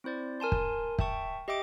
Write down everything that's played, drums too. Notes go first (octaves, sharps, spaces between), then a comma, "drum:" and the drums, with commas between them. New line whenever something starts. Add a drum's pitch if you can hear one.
C4 E4 C5 D5
A#4 G#5 A5 C6
drum: kick
E5 G5 A5 C#6, drum: kick
G4 D#5 E5 G5 D6 D7